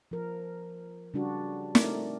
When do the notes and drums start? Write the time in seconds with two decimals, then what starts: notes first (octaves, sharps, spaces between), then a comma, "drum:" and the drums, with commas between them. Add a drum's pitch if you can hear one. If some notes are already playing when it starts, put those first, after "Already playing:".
0.11 F3 A#4
1.14 C#3 G3 D4 F#4 G4
1.75 A3 C4 D#4 A#4 D5, drum: snare